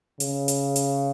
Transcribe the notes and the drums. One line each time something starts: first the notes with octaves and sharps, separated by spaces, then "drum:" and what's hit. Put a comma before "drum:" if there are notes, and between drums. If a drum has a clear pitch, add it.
C#3, drum: hi-hat
drum: hi-hat
drum: hi-hat